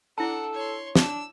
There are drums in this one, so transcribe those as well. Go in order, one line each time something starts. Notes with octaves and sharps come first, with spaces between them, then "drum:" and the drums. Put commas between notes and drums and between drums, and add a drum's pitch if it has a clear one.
D4 E4 A4 F#5 A5
C#5 C6
D4 E6, drum: snare